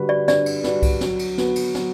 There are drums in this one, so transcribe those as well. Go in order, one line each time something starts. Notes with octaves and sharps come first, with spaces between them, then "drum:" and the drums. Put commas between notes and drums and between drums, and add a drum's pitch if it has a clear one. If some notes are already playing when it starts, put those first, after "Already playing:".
Already playing: D3 G3 D4 F#4 B4
D5
D3 D5, drum: snare
drum: cymbal
G3 D4 F#4 B4, drum: snare
drum: kick C2, cymbal
F#3, drum: snare
drum: cymbal
B3 F#4, drum: snare
drum: cymbal
F#3, drum: snare